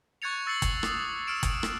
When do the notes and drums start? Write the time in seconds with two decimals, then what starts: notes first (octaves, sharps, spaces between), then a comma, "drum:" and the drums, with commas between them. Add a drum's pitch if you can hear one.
0.22 C#6 F#6 G#6 A6 C#7 F7
0.46 C#6 E6 A6 C7 C#7 F#7
0.62 drum: kick, hi-hat
0.83 D6 D#6, drum: rim click
1.27 E6 F6 C#7 D7 E7
1.43 drum: kick, hi-hat
1.63 drum: rim click